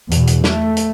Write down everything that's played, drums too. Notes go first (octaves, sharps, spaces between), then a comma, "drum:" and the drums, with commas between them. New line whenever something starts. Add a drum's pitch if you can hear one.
E2 B2, drum: hi-hat
drum: hi-hat
A3, drum: snare
drum: hi-hat